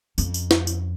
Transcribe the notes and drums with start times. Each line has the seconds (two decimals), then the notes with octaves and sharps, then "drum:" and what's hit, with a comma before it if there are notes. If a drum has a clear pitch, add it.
0.18 F2 C#4, drum: tambourine
0.34 drum: tambourine
0.51 drum: snare
0.67 drum: tambourine